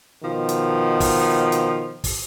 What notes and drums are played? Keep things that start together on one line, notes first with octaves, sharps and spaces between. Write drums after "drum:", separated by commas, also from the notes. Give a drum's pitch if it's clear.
B2 D#3 F3
drum: hi-hat
drum: kick, open hi-hat
drum: hi-hat
drum: kick, open hi-hat